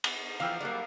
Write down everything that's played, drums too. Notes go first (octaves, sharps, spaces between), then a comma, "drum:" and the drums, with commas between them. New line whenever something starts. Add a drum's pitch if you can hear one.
B3, drum: cymbal
E3 F3 A#3 F5 G5 E6 F6
F#3 G3 A#3 D5